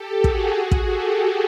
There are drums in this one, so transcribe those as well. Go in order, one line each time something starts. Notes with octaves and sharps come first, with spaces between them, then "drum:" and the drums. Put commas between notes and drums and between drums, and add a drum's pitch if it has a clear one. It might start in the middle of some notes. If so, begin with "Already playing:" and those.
Already playing: G4 A4
F#4 G#4, drum: kick
drum: kick
G4 A4